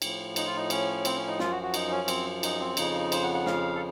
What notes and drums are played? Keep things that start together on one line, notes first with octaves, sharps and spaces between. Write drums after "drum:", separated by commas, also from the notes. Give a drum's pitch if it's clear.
A2 F3, drum: cymbal
D#4, drum: cymbal
F4
D#4
C#4, drum: cymbal
C4, drum: cymbal
C#4
D#4
F#2 F3 F4, drum: snare
F#4
F#4
D#4, drum: cymbal
C#4
C4, drum: cymbal
D#4, drum: cymbal
C4
F2 C#3 F3 D#4, drum: cymbal
C5, drum: cymbal
F#5
F#5
F5, drum: snare
A4